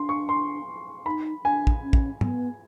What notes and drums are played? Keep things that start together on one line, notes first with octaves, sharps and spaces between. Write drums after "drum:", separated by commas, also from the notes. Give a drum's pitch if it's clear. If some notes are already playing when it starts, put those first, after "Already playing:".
Already playing: D4 C6
C#6
C6
D#4 B5
D4 G#5
drum: kick
C#4
drum: kick
B3, drum: tom